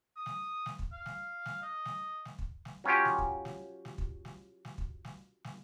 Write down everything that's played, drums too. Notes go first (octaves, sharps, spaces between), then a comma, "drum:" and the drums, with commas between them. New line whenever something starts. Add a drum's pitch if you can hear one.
D#6
drum: snare
drum: snare
drum: kick
F5
drum: snare
drum: snare
D#5
drum: snare
drum: snare
drum: kick
drum: snare
F#3 C#4 F4 G4
drum: snare
drum: kick
drum: snare
drum: snare
drum: kick
drum: snare
drum: snare
drum: kick
drum: snare
drum: snare